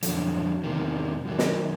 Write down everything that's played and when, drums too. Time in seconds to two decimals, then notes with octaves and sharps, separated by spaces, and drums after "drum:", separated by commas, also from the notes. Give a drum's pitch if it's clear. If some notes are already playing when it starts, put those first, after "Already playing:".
0.03 F2 D3 F#3, drum: hi-hat
0.64 E2 C3 D#3
1.25 F#2 D#3 F#3
1.39 drum: snare